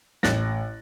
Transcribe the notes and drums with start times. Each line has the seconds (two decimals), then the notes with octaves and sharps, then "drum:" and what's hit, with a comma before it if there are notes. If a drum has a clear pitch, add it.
0.23 A1 F#6 A6 A#6, drum: snare